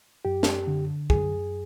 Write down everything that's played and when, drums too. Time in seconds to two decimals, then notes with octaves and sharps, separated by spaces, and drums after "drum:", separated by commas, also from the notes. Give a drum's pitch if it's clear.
0.25 F#2 G4
0.43 drum: snare
0.67 D3
1.10 F#2 G#4, drum: kick